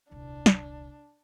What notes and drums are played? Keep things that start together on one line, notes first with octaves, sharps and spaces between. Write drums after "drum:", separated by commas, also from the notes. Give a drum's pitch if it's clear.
D#1 C2 D4
drum: snare